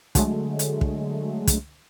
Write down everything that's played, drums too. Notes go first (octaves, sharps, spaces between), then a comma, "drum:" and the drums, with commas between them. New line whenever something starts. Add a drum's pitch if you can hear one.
D3 F#3 G#3 A3, drum: kick, hi-hat
drum: hi-hat
drum: kick
drum: kick, hi-hat